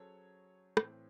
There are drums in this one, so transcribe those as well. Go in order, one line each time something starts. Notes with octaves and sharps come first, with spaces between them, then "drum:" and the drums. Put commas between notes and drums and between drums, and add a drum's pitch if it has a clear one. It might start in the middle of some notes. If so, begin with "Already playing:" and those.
Already playing: F#3 C#4 G#4 A4 C5 C#5
A2 E3 C4, drum: rim click